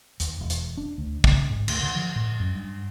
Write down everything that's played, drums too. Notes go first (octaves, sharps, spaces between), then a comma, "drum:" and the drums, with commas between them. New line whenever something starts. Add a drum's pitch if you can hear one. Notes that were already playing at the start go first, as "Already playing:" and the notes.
D#2, drum: hi-hat
E1
drum: hi-hat
D4
D2
C#3, drum: kick
G#2
D2, drum: cymbal
D3
F3
A2
F#2
G2